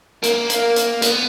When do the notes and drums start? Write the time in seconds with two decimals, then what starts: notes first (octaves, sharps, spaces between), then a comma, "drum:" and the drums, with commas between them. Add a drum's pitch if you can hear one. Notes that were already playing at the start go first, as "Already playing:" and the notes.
0.23 A#3, drum: hi-hat
0.50 drum: hi-hat
0.76 drum: hi-hat
1.02 B3, drum: hi-hat